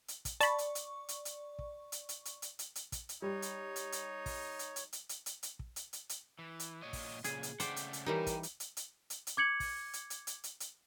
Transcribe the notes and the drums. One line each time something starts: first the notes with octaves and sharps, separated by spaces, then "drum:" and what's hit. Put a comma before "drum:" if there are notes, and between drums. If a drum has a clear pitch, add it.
drum: hi-hat
drum: kick, hi-hat
D5 A5 B5 C#6, drum: hi-hat
drum: hi-hat
drum: hi-hat
drum: hi-hat
drum: hi-hat
drum: kick
drum: hi-hat
drum: hi-hat
drum: hi-hat
drum: hi-hat
drum: hi-hat
drum: hi-hat
drum: kick, hi-hat
drum: hi-hat
G3 D#4 C#5
drum: hi-hat
drum: hi-hat
drum: hi-hat
drum: kick, open hi-hat
drum: hi-hat
drum: hi-hat
drum: hi-hat
drum: hi-hat
drum: hi-hat
drum: hi-hat
drum: kick
drum: hi-hat
drum: hi-hat
drum: hi-hat
E3
drum: hi-hat
A#2 C#5 D#5
drum: kick, open hi-hat
A#2 C#3 G#4, drum: hi-hat
drum: hi-hat
C#3 A3 C5 D5 F#5 G5, drum: hi-hat
drum: hi-hat
drum: hi-hat
E3 G3 D#4 G4 A#4 C#5 G5 A#5
drum: kick, hi-hat
drum: hi-hat
drum: hi-hat
drum: hi-hat
drum: hi-hat
drum: hi-hat
D6 G#6 C#7 F#7
drum: kick, open hi-hat
drum: hi-hat
drum: hi-hat
drum: hi-hat
drum: hi-hat
drum: hi-hat